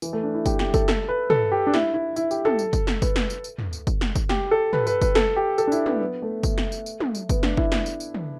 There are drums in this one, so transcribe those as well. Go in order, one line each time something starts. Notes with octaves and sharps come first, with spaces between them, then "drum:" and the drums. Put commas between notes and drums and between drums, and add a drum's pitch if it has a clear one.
E3, drum: tambourine
A3
D4
E4
G4, drum: kick, tambourine
G4, drum: snare
A4, drum: kick, tambourine
A4, drum: snare
B4
A4, drum: tom
G4
D4
E4, drum: snare
E4
E4, drum: tambourine
G4, drum: tambourine
A4, drum: tom
drum: tambourine
drum: kick, tambourine
drum: snare
B4, drum: kick, tambourine
drum: snare
drum: tambourine
drum: tambourine
drum: tom
drum: tambourine
drum: kick, tambourine
drum: snare
drum: kick, tambourine
G4, drum: snare
A4
B4, drum: tom
B4, drum: tambourine
B4, drum: kick, tambourine
A4, drum: snare
G4
A4, drum: tambourine
D4
E4, drum: tambourine
B3, drum: tom
B3
A3
drum: kick, tambourine
drum: snare
drum: tambourine
drum: tambourine
drum: tom
drum: tambourine
B3, drum: kick, tambourine
D4, drum: snare
E4, drum: kick
drum: snare
drum: tambourine
drum: tambourine
drum: tom